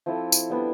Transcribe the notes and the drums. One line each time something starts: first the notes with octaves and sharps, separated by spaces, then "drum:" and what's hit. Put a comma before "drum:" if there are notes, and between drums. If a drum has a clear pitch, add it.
F3 C4 E4 A4
drum: tambourine
G3 B3 D4